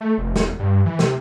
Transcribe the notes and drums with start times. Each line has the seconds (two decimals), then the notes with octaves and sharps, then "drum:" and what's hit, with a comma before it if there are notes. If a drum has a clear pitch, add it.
0.01 A3
0.18 F1
0.36 E1, drum: snare
0.59 G2
0.86 E3
0.99 C3, drum: snare